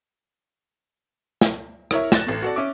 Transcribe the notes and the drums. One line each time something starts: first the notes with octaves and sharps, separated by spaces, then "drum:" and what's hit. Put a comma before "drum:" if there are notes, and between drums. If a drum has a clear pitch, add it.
drum: snare
E4 A#4 C#5 E5, drum: rim click
F#6 A6 A#6 E7, drum: snare
A1 A3
F#4 A4 D5
C#4 E5 D6